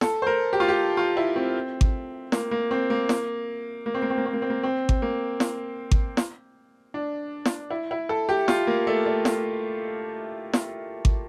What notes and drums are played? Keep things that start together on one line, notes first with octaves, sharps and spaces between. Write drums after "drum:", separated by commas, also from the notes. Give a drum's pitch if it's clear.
A4, drum: snare
C5
A#4
G4
F4
G4
F4
E4
C4
drum: kick G#1
A#3, drum: snare
A#3
C4
A#3
drum: snare
A#3
C4
A#3
C4
A#3
C4
A#3
C4
A#3
C4
drum: kick G#1
A#3
drum: snare
drum: kick G#1
drum: snare
D4
drum: snare
E4
E4
A4
G4
F4, drum: snare
A#3
A3
A3
drum: snare
drum: snare
drum: kick G#1